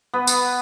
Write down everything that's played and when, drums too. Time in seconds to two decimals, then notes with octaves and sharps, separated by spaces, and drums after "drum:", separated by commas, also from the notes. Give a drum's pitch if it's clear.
0.14 B3
0.27 drum: tambourine